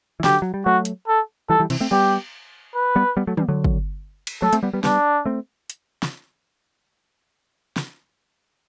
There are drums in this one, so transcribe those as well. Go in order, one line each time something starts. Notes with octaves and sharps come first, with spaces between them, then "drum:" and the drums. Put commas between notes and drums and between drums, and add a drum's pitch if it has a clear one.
E3
D3 F#3 G4, drum: snare
F#3
G3
F#3 A3 F#4
drum: hi-hat
A4
E3 G3 A4
E3 G3
C3 E3, drum: cymbal
A3 C4
G3 B3 G4
B4
G3 B3
G3 B3
F#3 A3
E3 G3, drum: tom
D3 F#3
drum: kick
drum: cymbal
F#3 A3 A4
A3 C4, drum: hi-hat
G3 B3
G3 B3
G3 B3 D4, drum: snare
A3 C4
drum: hi-hat
drum: snare
drum: snare